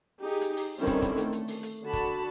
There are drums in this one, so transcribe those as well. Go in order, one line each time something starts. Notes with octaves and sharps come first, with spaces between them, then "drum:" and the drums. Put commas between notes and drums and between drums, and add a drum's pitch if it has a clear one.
D#4 G4 G#4
drum: hi-hat
drum: open hi-hat
D3 D#3 G3 C4 C#4 E4
drum: kick, hi-hat
drum: kick, hi-hat
A3, drum: hi-hat
drum: hi-hat
drum: open hi-hat
drum: hi-hat
D3 F#4 A5 B5
drum: kick, hi-hat